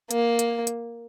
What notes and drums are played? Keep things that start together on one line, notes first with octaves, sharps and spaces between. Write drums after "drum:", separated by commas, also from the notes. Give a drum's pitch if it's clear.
A#3, drum: hi-hat
drum: hi-hat
drum: hi-hat